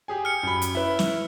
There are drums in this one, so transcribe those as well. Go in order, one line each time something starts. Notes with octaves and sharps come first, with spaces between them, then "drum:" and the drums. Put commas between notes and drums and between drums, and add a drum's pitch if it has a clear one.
G4 G#4 G#5
F6 C#7
F#2 B5
drum: hi-hat
E4 B4
drum: snare